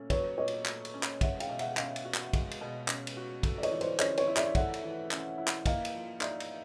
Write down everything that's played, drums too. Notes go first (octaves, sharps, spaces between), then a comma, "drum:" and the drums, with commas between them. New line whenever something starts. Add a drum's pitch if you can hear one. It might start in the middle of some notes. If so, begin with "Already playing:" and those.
Already playing: A#2 A3 C#4
F#3 B4 C#5, drum: kick, cymbal
A#2 C#5 D#5
drum: cymbal
A3, drum: clap
drum: cymbal
C#4
drum: clap
G#3 E5 F#5, drum: kick, cymbal
F5 G5, drum: cymbal
B2
E5 F#5, drum: cymbal
C#4 D#5 F5, drum: clap
drum: cymbal
F#4
drum: clap
G#3, drum: kick, cymbal
drum: cymbal
B2
C#4, drum: clap
drum: cymbal
F#4
A3, drum: kick, cymbal
D5
C#5 D#5, drum: cymbal
E3
C5 D5, drum: cymbal
C#4 C#5 D#5, drum: clap
C#5 D#5, drum: cymbal
E4
D5 E5, drum: clap
A3 E5 F#5, drum: kick, cymbal
drum: cymbal
E3
C#4, drum: clap
E4
drum: clap
A#3 D#5 F5, drum: kick, cymbal
drum: cymbal
F3
D#4 D5 E5, drum: clap
drum: cymbal